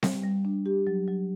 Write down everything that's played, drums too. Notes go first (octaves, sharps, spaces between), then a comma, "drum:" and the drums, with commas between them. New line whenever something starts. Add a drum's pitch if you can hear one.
G3, drum: snare C4
G3
D4
G4
F#3
F#3